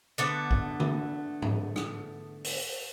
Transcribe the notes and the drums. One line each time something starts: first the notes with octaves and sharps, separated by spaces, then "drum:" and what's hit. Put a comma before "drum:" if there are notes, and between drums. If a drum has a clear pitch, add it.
D3 A3 B3
drum: kick A#1
drum: tom D3
drum: tom G#2
drum: rim click
drum: open hi-hat